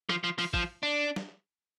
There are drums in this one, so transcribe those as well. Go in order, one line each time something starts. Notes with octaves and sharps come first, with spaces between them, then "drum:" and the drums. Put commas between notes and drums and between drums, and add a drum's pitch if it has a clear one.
F3, drum: rim click
F3
F3, drum: open hi-hat
F3, drum: kick A1
D4
drum: snare